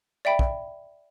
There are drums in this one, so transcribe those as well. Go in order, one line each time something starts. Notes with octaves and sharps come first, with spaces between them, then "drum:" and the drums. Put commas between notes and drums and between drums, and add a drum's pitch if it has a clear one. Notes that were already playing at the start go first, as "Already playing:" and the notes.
D5 E5 G5 B5
drum: kick